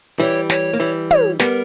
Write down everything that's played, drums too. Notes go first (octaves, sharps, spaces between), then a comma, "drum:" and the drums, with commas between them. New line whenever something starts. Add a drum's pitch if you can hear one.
E3 G3 C#5, drum: hi-hat
C#5, drum: snare
A#3
E3 G3
C#5, drum: tom
G3 B3 A#4, drum: snare